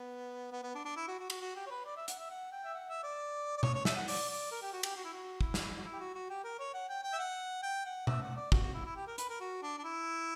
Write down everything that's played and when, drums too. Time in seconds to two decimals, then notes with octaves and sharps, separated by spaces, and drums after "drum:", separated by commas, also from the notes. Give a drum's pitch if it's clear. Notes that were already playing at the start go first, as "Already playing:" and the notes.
Already playing: B3
0.52 B3
0.63 B3
0.75 D4
0.85 D4
0.96 E4
1.08 F#4
1.19 F#4
1.30 F#4, drum: cymbal
1.41 F#4
1.56 G4
1.66 C#5
1.71 B4
1.85 D5
1.97 E5
2.08 F#5, drum: hi-hat
2.19 E5
2.30 F#5
2.52 G5
2.64 E5
2.74 F#5
2.89 E5
3.03 D5
3.57 D5
3.63 C#5, drum: tom B2
3.74 C#5
3.85 E5, drum: snare
3.96 F#5
4.08 D5, drum: open hi-hat
4.30 D5
4.52 A#4
4.62 G4
4.73 F#4
4.83 G4, drum: cymbal
4.96 F#4
5.04 E4
5.13 F#4
5.41 E4, drum: kick
5.54 drum: snare
5.77 F#4
5.85 E4
5.93 G4
6.00 F#4
6.15 F#4
6.30 G4
6.44 A#4
6.59 C#5
6.74 F#5
6.89 G5
7.03 G5
7.13 E5
7.18 F#5
7.63 G5
7.85 F#5
8.07 E5, drum: tom B2
8.22 F#5
8.36 D5
8.52 F#4, drum: kick
8.63 F#4
8.74 E4
8.85 E4
8.96 G4
9.07 A#4
9.18 B4, drum: hi-hat
9.29 A#4
9.40 F#4
9.63 D4
9.78 D4
9.84 E4